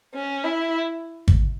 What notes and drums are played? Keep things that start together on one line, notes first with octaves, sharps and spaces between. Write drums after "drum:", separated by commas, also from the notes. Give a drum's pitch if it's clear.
C#4
E4
drum: kick